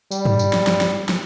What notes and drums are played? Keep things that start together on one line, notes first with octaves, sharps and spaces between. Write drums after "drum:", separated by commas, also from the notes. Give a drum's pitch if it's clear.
G3, drum: tambourine
drum: tom G2
drum: tambourine
drum: snare
drum: snare
drum: snare
drum: snare